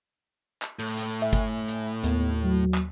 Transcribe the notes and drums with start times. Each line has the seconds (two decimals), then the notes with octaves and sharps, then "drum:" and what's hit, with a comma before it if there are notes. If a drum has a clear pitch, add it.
0.62 drum: clap
0.79 A2
0.97 drum: hi-hat
1.22 E5 G#5
1.33 drum: kick G1, hi-hat
1.68 drum: hi-hat
2.04 D#2 B3, drum: hi-hat
2.44 F#3
2.74 drum: clap